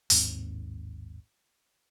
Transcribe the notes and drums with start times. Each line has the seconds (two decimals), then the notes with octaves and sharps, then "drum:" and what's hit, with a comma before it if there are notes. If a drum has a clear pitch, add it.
0.10 A1 D#2 G#2 C4, drum: open hi-hat